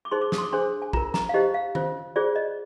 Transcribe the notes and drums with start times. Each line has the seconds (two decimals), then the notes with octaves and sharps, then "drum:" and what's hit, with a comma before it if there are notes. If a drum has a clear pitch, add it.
0.05 D6
0.11 D#4 G#4 C5 C6
0.22 D6
0.32 D#6, drum: snare
0.38 C6
0.43 D6
0.52 D4 G#4 C5 C6
0.82 G#5
0.93 F4 A#4 A#5, drum: kick
1.14 A#5, drum: snare
1.29 F5
1.34 D#4 G4 C5 D#5
1.54 F5
1.75 F4 C5, drum: tom D#3
2.16 F4 G#4 C5 D5
2.36 D#5